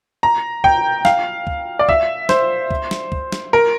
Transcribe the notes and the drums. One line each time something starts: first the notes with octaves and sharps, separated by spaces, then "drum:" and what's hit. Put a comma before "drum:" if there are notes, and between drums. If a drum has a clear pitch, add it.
A#5
G5, drum: kick
F5, drum: snare
drum: kick
D5
E5, drum: kick
C5, drum: snare
drum: kick
drum: snare
drum: kick
drum: snare
A#4